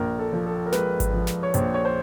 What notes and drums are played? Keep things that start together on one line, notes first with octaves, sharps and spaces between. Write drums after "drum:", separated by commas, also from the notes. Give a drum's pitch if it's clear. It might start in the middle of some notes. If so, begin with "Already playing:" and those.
Already playing: A#1 A#4
A4
F3
A4
A#4
G#3 B4, drum: snare
drum: kick G#1, hi-hat
F3
drum: snare
C#5
A#1 C5, drum: hi-hat
C#5
C5